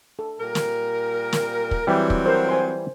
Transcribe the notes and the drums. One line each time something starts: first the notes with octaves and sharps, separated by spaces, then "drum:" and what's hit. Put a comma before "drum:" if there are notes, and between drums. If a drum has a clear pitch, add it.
A4
A#2 G3 A#4
drum: snare
drum: snare
drum: kick
E3 F#3 G3 C4
drum: kick
A#4 C5
C5 G#5 C6